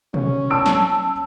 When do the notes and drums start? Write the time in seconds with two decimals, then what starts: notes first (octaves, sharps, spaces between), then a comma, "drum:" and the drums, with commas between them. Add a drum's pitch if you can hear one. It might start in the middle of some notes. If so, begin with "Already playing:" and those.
0.14 C#4, drum: tom B2
0.50 A5 E6 D7
0.66 drum: snare